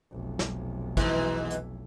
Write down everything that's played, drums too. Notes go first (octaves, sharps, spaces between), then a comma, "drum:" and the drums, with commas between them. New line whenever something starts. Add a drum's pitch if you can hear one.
F1 B1
drum: snare
G#2 B2 E3, drum: kick, hi-hat
drum: hi-hat